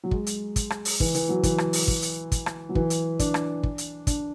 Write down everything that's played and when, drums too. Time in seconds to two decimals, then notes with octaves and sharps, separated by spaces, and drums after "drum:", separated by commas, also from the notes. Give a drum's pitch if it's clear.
0.04 F#3
0.11 G#3, drum: kick
0.26 drum: hi-hat
0.56 drum: kick, hi-hat
0.70 drum: rim click
0.85 drum: open hi-hat
1.00 E3, drum: kick
1.15 E3, drum: hi-hat
1.29 F#3
1.43 E3, drum: kick, hi-hat
1.58 drum: rim click
1.73 drum: open hi-hat
1.88 drum: kick
2.02 drum: hi-hat
2.32 drum: kick, hi-hat
2.46 drum: rim click
2.69 F#3
2.75 E3, drum: kick
2.90 drum: hi-hat
3.19 D4, drum: kick, hi-hat
3.34 drum: rim click
3.63 drum: kick
3.78 drum: hi-hat
4.07 D4, drum: kick, hi-hat